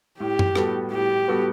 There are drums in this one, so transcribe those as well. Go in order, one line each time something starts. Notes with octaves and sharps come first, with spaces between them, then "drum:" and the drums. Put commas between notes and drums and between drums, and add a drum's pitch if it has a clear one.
A2 G4
drum: tom F#2
G3 B3 F#4 A4, drum: rim click
A2 G4
G3 B3 F#4 A4